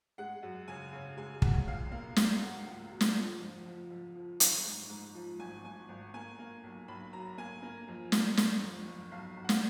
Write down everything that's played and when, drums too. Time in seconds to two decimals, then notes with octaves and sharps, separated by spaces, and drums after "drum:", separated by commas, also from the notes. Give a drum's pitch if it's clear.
0.18 G#3 F#5
0.43 F#2
0.68 C#3 G#5
0.93 C#3
1.17 G#3 G#5
1.42 F#2 F#5, drum: kick
1.67 C#2 F5
1.91 A#3 F5
2.16 A#3 F5, drum: snare
2.42 A#3 F#5
2.66 C#2
2.91 B2
3.01 drum: snare
3.16 F3
3.41 F2
3.66 F3
3.90 F2
4.15 F3
4.40 F#1, drum: hi-hat
4.65 G#2
4.90 G#2
5.14 F3
5.39 G#1 G#5
5.64 G#1 G#5
5.89 G#1
6.14 A#3 G#5
6.39 A#3
6.64 B1
6.88 B1 B5
7.13 F#3 A#5
7.38 A#3 G#5
7.63 A#3
7.88 F2
8.12 A#3, drum: snare
8.37 F#1, drum: snare
8.62 F2
8.87 F#1
9.11 B1 F5
9.37 B1
9.44 F#5
9.49 F5, drum: snare